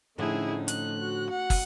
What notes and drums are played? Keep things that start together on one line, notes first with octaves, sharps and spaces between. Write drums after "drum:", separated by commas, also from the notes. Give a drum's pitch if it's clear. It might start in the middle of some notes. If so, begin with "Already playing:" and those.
A2 D3 F3 A3 C#4 D#4 E4 G#4
F#6, drum: hi-hat
F#4
F#5
drum: kick, open hi-hat